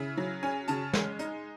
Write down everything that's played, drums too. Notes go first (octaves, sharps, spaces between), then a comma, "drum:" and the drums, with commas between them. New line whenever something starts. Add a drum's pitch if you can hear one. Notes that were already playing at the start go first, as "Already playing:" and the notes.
Already playing: C#3 E4
F#3
C#4 G#5
C#3 A5, drum: hi-hat
G#3, drum: snare
D#4, drum: hi-hat